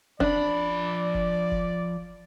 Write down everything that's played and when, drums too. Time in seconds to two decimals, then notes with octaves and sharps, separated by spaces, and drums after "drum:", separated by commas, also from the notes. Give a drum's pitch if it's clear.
0.20 F3 D4 D5 B5, drum: kick
1.15 drum: kick
1.52 drum: kick